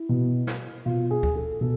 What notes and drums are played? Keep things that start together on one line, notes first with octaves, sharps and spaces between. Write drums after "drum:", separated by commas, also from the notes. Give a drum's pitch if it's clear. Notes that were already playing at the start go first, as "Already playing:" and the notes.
Already playing: E4
B2
drum: snare
B2 F4
G#4
drum: kick D2
A4
B2 A4